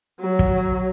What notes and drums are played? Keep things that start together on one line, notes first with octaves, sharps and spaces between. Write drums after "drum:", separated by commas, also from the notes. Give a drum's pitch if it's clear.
F#3
drum: kick